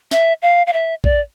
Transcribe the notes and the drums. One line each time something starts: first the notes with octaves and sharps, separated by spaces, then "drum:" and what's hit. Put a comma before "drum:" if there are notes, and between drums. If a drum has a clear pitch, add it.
E5, drum: snare
F5
F5
E5
D5, drum: kick